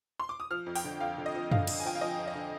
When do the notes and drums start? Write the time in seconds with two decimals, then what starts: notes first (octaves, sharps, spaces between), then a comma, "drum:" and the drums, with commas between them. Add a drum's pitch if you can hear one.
0.20 C6
0.29 D6
0.40 D#6
0.51 F3 F6
0.66 F2
0.75 G5, drum: open hi-hat
0.84 D3
1.00 F2 F5
1.18 D3
1.26 D#5
1.35 F3
1.52 D3 F5, drum: tom F#2
1.67 D3, drum: cymbal
1.80 G#5
1.85 F3 G5
1.95 F5
2.01 F3 D#5
2.19 F2
2.28 D#5
2.35 D3